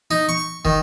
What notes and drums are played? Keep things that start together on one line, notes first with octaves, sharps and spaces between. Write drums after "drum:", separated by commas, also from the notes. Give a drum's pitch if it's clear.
D#4
C#6
D#3, drum: kick